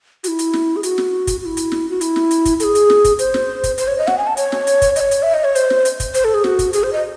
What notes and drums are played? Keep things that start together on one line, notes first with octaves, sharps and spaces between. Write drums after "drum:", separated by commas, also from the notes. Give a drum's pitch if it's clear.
F#4, drum: hi-hat
E4
drum: hi-hat
drum: snare
G#4
F#4, drum: hi-hat
drum: snare
drum: kick, hi-hat
F#4
E4
drum: hi-hat
drum: snare
F#4
E4, drum: hi-hat
drum: snare
drum: hi-hat
drum: kick, hi-hat
A4, drum: hi-hat
G#4
drum: hi-hat
drum: snare
drum: kick, hi-hat
C5, drum: hi-hat
drum: snare
drum: kick, hi-hat
C5, drum: hi-hat
C#5
D#5
F#5, drum: snare
G#5
A5
C#5, drum: hi-hat
drum: snare
drum: hi-hat
drum: kick, hi-hat
D#5, drum: hi-hat
C#5
drum: hi-hat
E5
D#5
C#5
C5, drum: hi-hat
drum: snare
drum: hi-hat
drum: kick, hi-hat
C5, drum: hi-hat
A4
G#4
F#4, drum: snare
drum: kick, hi-hat
G#4, drum: hi-hat
C5
D#5